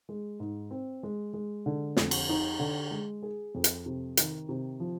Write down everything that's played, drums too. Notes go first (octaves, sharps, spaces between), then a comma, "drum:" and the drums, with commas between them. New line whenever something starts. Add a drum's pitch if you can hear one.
G#3
G#2
C4
G#3
G#3
D3
F2, drum: snare
drum: cymbal
D#4
D3
G#3
G#4
F2
drum: hi-hat
C3
D#3, drum: hi-hat
C3
F3